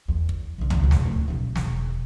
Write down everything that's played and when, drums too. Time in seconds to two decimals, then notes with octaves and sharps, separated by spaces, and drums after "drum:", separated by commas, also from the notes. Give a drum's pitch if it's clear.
0.08 E2
0.29 drum: kick
0.58 B1 D3
0.70 drum: tom
0.80 E1 C#2
0.91 drum: snare
1.05 D1
1.28 D#1 B1
1.56 E1, drum: snare